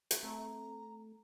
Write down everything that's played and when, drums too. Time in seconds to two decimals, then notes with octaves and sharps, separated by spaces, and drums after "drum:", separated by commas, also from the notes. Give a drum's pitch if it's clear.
0.11 drum: hi-hat
0.23 A3 C4 A#5